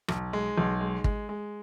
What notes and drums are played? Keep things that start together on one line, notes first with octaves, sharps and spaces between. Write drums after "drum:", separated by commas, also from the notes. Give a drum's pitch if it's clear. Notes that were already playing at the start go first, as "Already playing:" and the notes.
B1, drum: rim click
G#3
B1
G#3
G#3, drum: kick
G#3